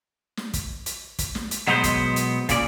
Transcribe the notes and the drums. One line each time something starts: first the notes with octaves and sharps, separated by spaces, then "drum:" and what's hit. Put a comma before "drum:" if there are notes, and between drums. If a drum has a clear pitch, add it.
drum: snare
drum: kick, hi-hat
drum: hi-hat
drum: kick, hi-hat
drum: snare
drum: hi-hat
B2 F#3 G#3 B3 A#4 C5, drum: snare
drum: kick, hi-hat
drum: hi-hat
A#2 C#3 D5, drum: kick, hi-hat